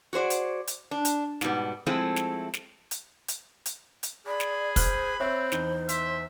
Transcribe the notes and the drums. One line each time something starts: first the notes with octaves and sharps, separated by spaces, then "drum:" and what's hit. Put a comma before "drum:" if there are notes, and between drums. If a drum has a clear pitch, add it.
F#4 G#4 C5 D5
drum: hi-hat
drum: hi-hat
D4
drum: hi-hat
G#2 B2 G3 B3, drum: snare
F3 G#3 A3 C4 E4 G#4
drum: snare
drum: snare
drum: hi-hat
drum: hi-hat
drum: hi-hat
drum: hi-hat
G#4 D5 B5
drum: snare
C5 F6 F#6 G#6, drum: kick, open hi-hat
C4 C5 C#5 E5 F#6
E2 D#4 G7, drum: snare
E5 C6, drum: hi-hat